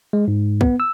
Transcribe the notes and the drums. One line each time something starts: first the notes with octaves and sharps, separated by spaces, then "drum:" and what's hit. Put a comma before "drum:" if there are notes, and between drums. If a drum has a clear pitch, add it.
G#3
G#2
B3, drum: kick
E6